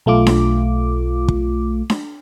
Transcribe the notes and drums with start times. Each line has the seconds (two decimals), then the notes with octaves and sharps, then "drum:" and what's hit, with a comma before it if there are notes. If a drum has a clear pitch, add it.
0.06 B1 A3 F4 D6
0.27 drum: snare D4
1.28 drum: kick
1.90 drum: snare D4